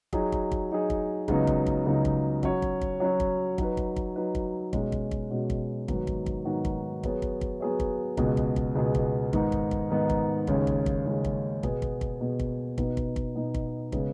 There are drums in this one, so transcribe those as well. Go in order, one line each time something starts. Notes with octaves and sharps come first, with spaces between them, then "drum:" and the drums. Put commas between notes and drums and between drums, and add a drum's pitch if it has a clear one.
F#3 D#4 G#4, drum: kick
drum: kick
drum: kick
F#3 D#4 G#4
drum: kick
C#2 C#3 F#3 B3 D#4, drum: kick
drum: kick
drum: kick
C#2 C#3 F#3 B3 D#4
drum: kick
F#3 C#4 F#4 C#5, drum: kick
drum: kick
drum: kick
F#3 C#4 F#4 C#5
drum: kick
F#3 D#4 B4, drum: kick
drum: kick
drum: kick
F#3 D#4 B4
drum: kick
B2 G#3 C#4 F#4, drum: kick
drum: kick
drum: kick
B2 G#3 C#4 F#4
drum: kick
G#2 D#3 F#3 B3 F#4, drum: kick
drum: kick
drum: kick
G#2 D#3 F#3 B3 F#4
drum: kick
F#3 B3 G#4 C#5, drum: kick
drum: kick
drum: kick
F#3 B3 G#4 C#5
drum: kick
C#2 B2 B3 G#4, drum: kick
drum: kick
drum: kick
C#2 B2 B3 G#4
drum: kick
G#2 D#3 B3 D#4, drum: kick
drum: kick
drum: kick
G#2 D#3 B3 D#4
drum: kick
D#2 C#3 G#3 C#4, drum: kick
drum: kick
drum: kick
D#2 C#3 G#3 C#4
drum: kick
B2 B3 G#4, drum: kick
drum: kick
drum: kick
B2 B3 G#4
drum: kick
B2 B3 D#4, drum: kick
drum: kick
drum: kick
B2 B3 D#4
drum: kick
C#3 G#3 B3, drum: kick